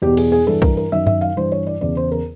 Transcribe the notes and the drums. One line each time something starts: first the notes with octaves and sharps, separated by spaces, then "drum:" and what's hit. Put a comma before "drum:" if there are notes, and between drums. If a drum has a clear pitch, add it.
E2 B2 G4
G#4, drum: cymbal
G#4
G2 E3 A4
A#4, drum: kick
A#4
F#2 D#3 E5
E5, drum: tom F#2
F5
G2 E3 C5
C#5
D5
E2 C#3 E3 D5
C5
A#4